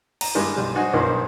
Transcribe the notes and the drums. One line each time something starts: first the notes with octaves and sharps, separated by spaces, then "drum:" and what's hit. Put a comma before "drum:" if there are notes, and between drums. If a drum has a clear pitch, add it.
A#5, drum: cymbal
G2 D#3 G3 G#3 A#3
B1 G3
D#4 F#4 C5 G#5
B1 G2 D#3 C5